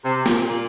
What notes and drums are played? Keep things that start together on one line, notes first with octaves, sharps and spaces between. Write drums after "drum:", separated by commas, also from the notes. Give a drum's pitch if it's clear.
C3
A#2, drum: snare
A#2